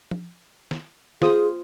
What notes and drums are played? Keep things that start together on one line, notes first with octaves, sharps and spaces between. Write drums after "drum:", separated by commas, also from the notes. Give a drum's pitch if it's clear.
drum: tom F3
drum: snare
F4 G#4 C5 D#6, drum: snare